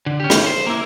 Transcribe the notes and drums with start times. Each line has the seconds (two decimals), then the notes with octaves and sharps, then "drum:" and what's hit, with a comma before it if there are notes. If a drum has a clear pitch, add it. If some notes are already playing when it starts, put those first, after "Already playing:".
0.06 D3
0.20 C#4 G4
0.30 drum: rim click
0.46 C5
0.67 A#3 E4